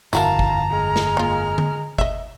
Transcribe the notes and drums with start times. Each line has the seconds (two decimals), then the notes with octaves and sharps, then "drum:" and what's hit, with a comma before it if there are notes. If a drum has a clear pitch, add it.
0.13 G1 F2 E4 F#4 A#4 F5 A5 A#5, drum: tambourine
0.39 drum: kick G1
0.70 G#3 F6
0.96 drum: snare
1.17 A#3 F4
1.58 drum: tom D3
1.98 D#5 E5, drum: kick G1